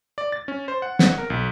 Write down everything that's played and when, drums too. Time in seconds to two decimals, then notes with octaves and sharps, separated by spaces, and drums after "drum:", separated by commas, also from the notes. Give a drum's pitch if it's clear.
0.18 D5
0.32 A6
0.48 C#4
0.68 C5
0.82 F#5
0.99 F#5, drum: snare
1.18 A#4
1.30 B1